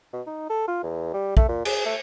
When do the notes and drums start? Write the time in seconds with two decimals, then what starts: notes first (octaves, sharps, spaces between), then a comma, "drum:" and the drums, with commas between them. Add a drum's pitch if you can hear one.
0.13 B2
0.27 D#4
0.50 A4
0.68 F4
0.83 E2
1.14 G3
1.37 A3, drum: kick
1.49 A#2
1.65 G#4, drum: cymbal
1.86 A3